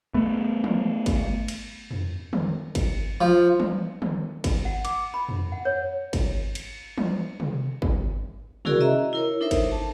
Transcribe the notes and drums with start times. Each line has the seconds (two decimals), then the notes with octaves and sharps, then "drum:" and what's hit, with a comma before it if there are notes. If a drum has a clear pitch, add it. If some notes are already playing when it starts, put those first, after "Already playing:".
0.14 A3 B3
0.64 drum: tom E3
1.06 drum: kick G#1, cymbal
1.48 drum: cymbal
1.91 drum: tom F2
2.33 drum: tom
2.75 drum: kick G#1, cymbal
3.21 F3
3.60 drum: tom E3
4.02 drum: tom
4.44 drum: kick G#1, cymbal
4.65 F#5
4.85 D6, drum: cymbal
5.14 B5
5.29 drum: tom F2
5.52 F#5
5.65 C#5
6.13 drum: kick G#1, cymbal
6.55 drum: cymbal
6.98 drum: tom E3
7.40 drum: tom C3
7.82 drum: kick G#1
8.65 C#4 E4 F#4 G#4 A#4 D5, drum: tom C3
8.81 D#5 E5 A#5
9.13 E4 A#4 C#5
9.41 D4 D#4 A4 A#4 C5 E5
9.51 drum: kick G#1, cymbal
9.72 A5